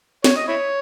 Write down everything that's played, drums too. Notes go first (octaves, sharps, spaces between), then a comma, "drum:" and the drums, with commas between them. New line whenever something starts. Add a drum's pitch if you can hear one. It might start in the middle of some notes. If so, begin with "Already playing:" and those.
C#5, drum: snare
D#5
E4 C#5